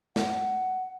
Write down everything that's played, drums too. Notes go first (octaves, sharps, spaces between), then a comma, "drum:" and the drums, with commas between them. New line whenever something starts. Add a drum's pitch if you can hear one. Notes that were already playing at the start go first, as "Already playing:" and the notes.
F#5, drum: snare